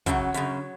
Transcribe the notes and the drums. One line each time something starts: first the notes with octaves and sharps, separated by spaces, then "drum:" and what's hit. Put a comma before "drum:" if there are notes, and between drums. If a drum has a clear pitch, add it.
F#2 C#3 F#3, drum: kick, hi-hat
F#2 C#3, drum: hi-hat